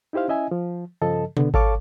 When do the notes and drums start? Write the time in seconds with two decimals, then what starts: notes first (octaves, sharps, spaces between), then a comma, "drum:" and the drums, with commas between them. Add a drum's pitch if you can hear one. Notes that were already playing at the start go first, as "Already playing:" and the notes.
0.13 D#4 E4 G4 C5 F5
0.28 C#4 E4 D#5 E5 G#5
0.51 F3
1.02 G2 C#3 F3 A4 D#5 A5
1.37 D3 B3, drum: tom B2
1.54 A4 C#5 F5 A5 C#6 D6, drum: kick G#1